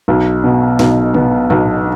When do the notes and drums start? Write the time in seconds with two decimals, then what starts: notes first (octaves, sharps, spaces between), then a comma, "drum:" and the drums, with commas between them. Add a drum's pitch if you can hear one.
0.08 B1
0.44 B2
0.79 B1, drum: snare
1.14 B3, drum: tom
1.50 B1, drum: tom